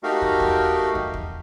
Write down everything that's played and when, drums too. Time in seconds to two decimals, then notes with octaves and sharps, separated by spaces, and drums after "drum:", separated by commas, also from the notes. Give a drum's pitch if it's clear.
0.03 A3 D#4 F#4 G4 A#4 F5
0.22 drum: kick
0.40 drum: kick
0.95 drum: kick
1.14 drum: kick